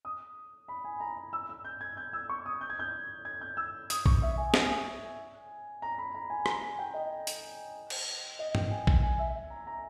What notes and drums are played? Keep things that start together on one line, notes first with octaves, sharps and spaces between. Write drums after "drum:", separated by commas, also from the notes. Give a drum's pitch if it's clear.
D#6
B5
G#5
A#5
B5
E6
E6
G6
G#6
G6
E6
C#6
D#6
G6
G#6
G6
G#6
G6
E6
D#6, drum: hi-hat
C#6, drum: kick A#1
E5
G#5
G#5, drum: snare
A#5
B5
A#5
G#5
A#5, drum: rim click
G#5
G5
D#5
drum: hi-hat
drum: cymbal
D#5
G5, drum: tom
G#5
drum: kick A#1
G#5
E5
A#5
A#5